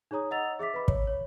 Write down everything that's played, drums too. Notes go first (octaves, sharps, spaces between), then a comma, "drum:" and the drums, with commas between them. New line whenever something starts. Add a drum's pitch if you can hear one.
D#4 G#4 C#5 A#5 D#6
D#5 F#5 A#5 E6 A6 F7
G#4 E5 D6 B6
B4 D#5 B5 D6
C#5, drum: kick
C#5